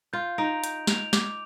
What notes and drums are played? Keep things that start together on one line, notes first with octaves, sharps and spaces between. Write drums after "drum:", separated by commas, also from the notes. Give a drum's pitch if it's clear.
F4 G6
D#4 D7 F7
G6, drum: hi-hat
D7 F7, drum: snare
D6, drum: snare